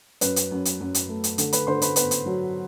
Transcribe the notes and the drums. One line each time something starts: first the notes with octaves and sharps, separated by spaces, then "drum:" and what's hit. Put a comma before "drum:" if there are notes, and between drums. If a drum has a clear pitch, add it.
F#2 B4, drum: hi-hat
drum: hi-hat
F#2
drum: hi-hat
F#2
drum: hi-hat
A3
drum: hi-hat
D3, drum: hi-hat
B4 B5, drum: hi-hat
D3 C5 C6
B4 B5, drum: hi-hat
B3 B4 B5, drum: hi-hat
drum: hi-hat
F#3